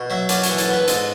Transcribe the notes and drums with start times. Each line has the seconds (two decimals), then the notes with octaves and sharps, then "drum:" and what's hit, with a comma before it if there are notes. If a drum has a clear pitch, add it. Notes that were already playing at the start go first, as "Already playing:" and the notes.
Already playing: B2
0.10 F#3 E5
0.29 F#2 D5, drum: hi-hat
0.43 E3 C#5, drum: hi-hat
0.58 A4, drum: hi-hat
0.69 B3 B4
0.88 G#2 A4, drum: hi-hat